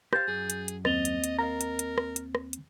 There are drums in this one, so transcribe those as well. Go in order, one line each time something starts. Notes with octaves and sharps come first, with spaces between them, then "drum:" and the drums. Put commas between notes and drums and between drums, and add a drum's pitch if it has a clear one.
G4 C5 F5 G6 A6, drum: rim click
F#2 G#4
drum: hi-hat
drum: hi-hat
D#2 A#3 C4 D#5 A6 F7 G7, drum: rim click
drum: hi-hat
drum: hi-hat
A#4 D#5 F5 A#5
drum: hi-hat
drum: hi-hat
drum: rim click
drum: hi-hat
drum: rim click
drum: hi-hat